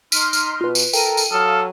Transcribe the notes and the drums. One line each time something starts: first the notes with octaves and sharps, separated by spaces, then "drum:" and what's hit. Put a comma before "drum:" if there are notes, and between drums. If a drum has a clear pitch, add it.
D#4 C6 F6 B6 D#7, drum: tambourine
drum: tambourine
B2 F4 B4
drum: tambourine
A4 A#4 G5 D#7, drum: tambourine
drum: tambourine
F#3 A4 F5 D#6 F6